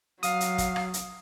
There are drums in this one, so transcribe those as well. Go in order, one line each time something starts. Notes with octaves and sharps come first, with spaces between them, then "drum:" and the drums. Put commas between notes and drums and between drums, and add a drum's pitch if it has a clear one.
F#3 F5 D#6, drum: hi-hat
drum: hi-hat
drum: kick, hi-hat
drum: rim click
drum: hi-hat